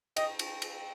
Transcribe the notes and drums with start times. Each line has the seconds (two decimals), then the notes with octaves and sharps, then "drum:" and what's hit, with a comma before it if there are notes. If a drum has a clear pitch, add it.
0.17 D#5 G5, drum: cymbal
0.39 drum: cymbal
0.62 drum: cymbal